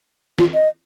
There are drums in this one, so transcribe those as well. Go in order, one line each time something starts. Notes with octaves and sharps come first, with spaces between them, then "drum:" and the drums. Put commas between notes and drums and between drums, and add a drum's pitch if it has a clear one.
F4, drum: snare
D#5